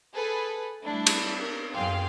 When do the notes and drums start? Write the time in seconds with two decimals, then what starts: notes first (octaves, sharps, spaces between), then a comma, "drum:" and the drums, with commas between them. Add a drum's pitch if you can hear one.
0.13 G#4 A4 B4
0.83 G3 A3 D4 E4
1.07 drum: cymbal
1.40 A#4
1.73 F#2 G#4 F5 G5 C6